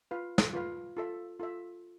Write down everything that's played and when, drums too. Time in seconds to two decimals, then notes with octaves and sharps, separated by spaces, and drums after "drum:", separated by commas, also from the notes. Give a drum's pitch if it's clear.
0.11 F4 B4 F5
0.38 drum: snare
0.53 F4 B4 F5
0.97 F4 A4 E5
1.40 F4 A4 E5